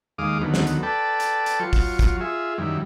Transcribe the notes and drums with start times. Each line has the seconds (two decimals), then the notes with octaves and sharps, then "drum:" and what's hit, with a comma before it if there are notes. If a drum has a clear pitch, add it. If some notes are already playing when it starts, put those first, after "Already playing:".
0.18 D#2 G#3 F5 D6 D#6
0.41 D2 D#3 F#3 B3
0.54 drum: snare
0.67 drum: hi-hat
0.83 A4 B4 D5 G5 A5
1.20 drum: hi-hat
1.46 drum: hi-hat
1.60 F#3 F4 C#6
1.73 drum: kick, open hi-hat
1.99 drum: kick, hi-hat
2.20 F4 G#4 E5
2.58 F#2 D#3 G3 E4